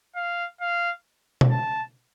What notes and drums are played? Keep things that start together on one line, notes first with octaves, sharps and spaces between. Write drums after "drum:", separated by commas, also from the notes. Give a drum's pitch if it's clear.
F5
F5
drum: tom B2
A5